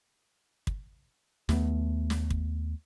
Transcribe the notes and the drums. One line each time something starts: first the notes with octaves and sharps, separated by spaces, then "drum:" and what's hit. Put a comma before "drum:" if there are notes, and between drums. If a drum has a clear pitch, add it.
drum: kick
D#2 A3 B3, drum: snare
drum: snare
drum: kick